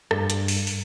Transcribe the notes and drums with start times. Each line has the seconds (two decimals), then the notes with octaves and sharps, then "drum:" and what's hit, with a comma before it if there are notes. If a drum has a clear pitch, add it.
0.11 G2, drum: rim click
0.30 drum: hi-hat
0.48 drum: open hi-hat
0.67 drum: open hi-hat